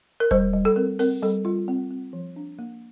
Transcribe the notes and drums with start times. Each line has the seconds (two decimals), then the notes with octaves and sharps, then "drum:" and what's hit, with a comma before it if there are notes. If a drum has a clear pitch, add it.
0.20 A#4
0.31 G3 C5, drum: kick E1
0.53 G3
0.65 A4
0.76 C4 A#4
0.99 C4 A#4, drum: open hi-hat
1.23 G3 A4
1.45 G3 F4
1.68 C4
1.91 C4
2.13 F3
2.36 D4
2.59 A#3